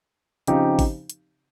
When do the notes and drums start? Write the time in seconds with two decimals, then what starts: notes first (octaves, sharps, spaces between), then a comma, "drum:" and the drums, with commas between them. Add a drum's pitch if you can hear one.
0.47 C#3 F3 C4 D#4 G4, drum: hi-hat
0.79 drum: kick G#1, open hi-hat
1.10 drum: hi-hat